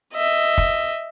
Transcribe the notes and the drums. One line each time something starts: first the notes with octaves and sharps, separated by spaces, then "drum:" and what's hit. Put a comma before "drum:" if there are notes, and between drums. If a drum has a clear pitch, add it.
D#5 E5
drum: kick